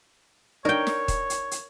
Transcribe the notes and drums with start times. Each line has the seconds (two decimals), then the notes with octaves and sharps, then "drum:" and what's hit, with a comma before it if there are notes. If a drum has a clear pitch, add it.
0.65 D4 D#4 A#4 C#5 G5
0.87 drum: snare
1.08 drum: kick D#1, hi-hat
1.30 drum: hi-hat
1.51 drum: hi-hat